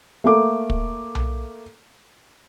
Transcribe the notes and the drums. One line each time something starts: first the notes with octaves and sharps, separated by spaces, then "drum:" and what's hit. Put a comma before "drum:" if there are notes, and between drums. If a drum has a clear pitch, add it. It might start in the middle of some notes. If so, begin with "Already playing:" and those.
A3 A#3 D6
drum: kick
drum: tom B1